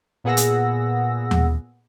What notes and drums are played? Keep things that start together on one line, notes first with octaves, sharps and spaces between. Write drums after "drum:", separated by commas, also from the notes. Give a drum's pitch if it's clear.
A#2 B3 G#4 F#5 E6 A#6
drum: hi-hat
drum: tom D#2